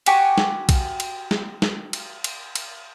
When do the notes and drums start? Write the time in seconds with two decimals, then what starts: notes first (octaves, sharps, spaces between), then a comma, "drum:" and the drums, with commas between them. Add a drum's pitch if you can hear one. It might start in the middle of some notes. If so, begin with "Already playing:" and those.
0.06 F#4 G4 G#5 C#6, drum: cymbal
0.38 drum: snare
0.69 drum: kick B1, cymbal
1.00 drum: cymbal
1.31 drum: snare
1.62 drum: snare
1.93 drum: cymbal
2.24 drum: cymbal
2.55 drum: cymbal